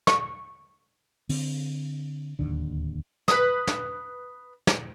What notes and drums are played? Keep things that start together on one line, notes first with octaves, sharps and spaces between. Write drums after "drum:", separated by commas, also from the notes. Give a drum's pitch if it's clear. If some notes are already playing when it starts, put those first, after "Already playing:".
C#6, drum: snare
D3 C4, drum: open hi-hat
D1 D#2 D3
B4 D#6, drum: snare
drum: snare
drum: snare